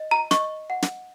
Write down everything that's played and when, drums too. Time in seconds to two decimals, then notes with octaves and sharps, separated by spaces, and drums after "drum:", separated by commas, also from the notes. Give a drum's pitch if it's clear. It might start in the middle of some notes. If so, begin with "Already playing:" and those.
Already playing: D#5
0.11 A#5
0.31 D#5 C#6, drum: snare
0.70 F#5
0.82 drum: snare